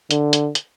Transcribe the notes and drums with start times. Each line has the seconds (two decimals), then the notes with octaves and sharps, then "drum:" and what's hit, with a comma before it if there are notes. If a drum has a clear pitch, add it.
0.11 D3, drum: hi-hat
0.33 drum: hi-hat
0.55 drum: hi-hat